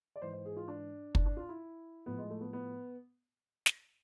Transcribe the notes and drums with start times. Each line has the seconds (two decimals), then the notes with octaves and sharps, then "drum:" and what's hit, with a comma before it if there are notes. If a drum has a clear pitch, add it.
0.16 D5
0.22 G#2 E3 C5
0.33 C5
0.45 G#4
0.56 F4
0.68 D4
1.15 D4, drum: kick
1.26 D4
1.37 F4
1.49 E4
2.06 A2 F3 B3
2.18 G#3
2.30 A3
2.41 B3
2.53 B3
3.66 drum: snare